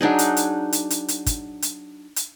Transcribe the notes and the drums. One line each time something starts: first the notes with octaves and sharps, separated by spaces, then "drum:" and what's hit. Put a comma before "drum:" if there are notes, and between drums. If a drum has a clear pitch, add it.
F#3 D4 D#4 G#4
drum: hi-hat
drum: hi-hat
drum: hi-hat
drum: hi-hat
drum: hi-hat
drum: kick, hi-hat
drum: hi-hat
drum: hi-hat